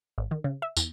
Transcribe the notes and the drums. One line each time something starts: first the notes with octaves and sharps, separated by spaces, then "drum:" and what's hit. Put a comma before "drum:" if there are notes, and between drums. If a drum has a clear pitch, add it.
G#1
D#3
C#3
E5
E2, drum: tambourine